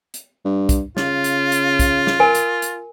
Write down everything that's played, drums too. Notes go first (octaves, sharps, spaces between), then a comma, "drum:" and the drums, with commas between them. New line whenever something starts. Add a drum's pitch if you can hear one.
drum: hi-hat
G2
drum: kick, hi-hat
C#3 F4, drum: snare
drum: hi-hat
drum: hi-hat
drum: kick, hi-hat
drum: snare
A#4 G#5
drum: hi-hat
drum: hi-hat